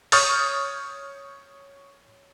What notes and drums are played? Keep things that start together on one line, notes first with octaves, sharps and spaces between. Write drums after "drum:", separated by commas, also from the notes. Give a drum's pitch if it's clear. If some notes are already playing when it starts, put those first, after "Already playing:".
C#5 C#6 D#6 F6 G6 A6, drum: open hi-hat